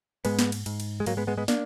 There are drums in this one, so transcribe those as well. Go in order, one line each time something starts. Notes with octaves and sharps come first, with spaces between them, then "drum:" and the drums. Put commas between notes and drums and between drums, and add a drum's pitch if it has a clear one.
G#2 G#3 B3, drum: cymbal
drum: snare
drum: cymbal
G#2, drum: cymbal
drum: cymbal
G#3
G#2 F#3 A#3, drum: cymbal
G#3 B3
G#3 B3
G#3 B3
A#3 D4, drum: snare